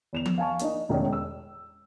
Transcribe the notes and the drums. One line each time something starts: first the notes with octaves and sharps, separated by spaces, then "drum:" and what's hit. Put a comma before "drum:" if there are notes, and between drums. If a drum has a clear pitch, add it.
E2 E7 F7
drum: tom F3
F5 G#5 A5 C#6
A#3 D4 D#4, drum: hi-hat
E1 A2 G#3 C#4 D5
E6